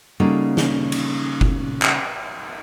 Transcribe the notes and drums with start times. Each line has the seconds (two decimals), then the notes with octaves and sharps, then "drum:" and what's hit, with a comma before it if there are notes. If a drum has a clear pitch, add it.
0.20 C#3 G3 A#3 D#4 F#4 A4
0.57 drum: snare
0.92 drum: cymbal
1.41 drum: kick F#1
1.82 drum: clap